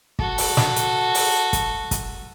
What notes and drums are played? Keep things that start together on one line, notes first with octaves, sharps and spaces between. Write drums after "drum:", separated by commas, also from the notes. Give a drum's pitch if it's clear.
F#4 A4, drum: kick
drum: open hi-hat
drum: snare
drum: hi-hat
drum: open hi-hat
drum: kick, hi-hat
drum: kick, hi-hat